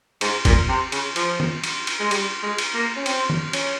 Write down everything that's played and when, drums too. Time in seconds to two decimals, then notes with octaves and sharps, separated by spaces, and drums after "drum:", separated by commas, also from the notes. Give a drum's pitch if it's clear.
0.21 G#2, drum: cymbal
0.45 A#2, drum: kick, cymbal
0.69 C3
0.92 C#3, drum: cymbal
1.16 F3, drum: cymbal
1.40 drum: tom
1.64 drum: cymbal
1.87 drum: cymbal
2.00 G#3
2.11 G3, drum: cymbal
2.43 G#3
2.58 drum: cymbal
2.74 A#3
2.96 C#4
3.06 C4, drum: cymbal
3.30 drum: tom
3.53 C#4, drum: cymbal